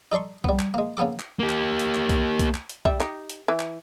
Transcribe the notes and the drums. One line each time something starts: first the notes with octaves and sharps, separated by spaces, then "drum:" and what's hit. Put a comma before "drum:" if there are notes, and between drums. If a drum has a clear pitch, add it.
D#4 A4 D5 C6 C#6
G3 B3, drum: kick B1
drum: clap
G#3 A#3
C#3 A#3 B3 A4 D6
drum: clap
A#3 G4
drum: clap
drum: hi-hat
drum: clap
drum: kick B1, hi-hat
drum: kick B1, hi-hat
drum: clap
drum: hi-hat
G3 E5, drum: kick B1
D#4 G4, drum: clap
drum: hi-hat
E3
drum: clap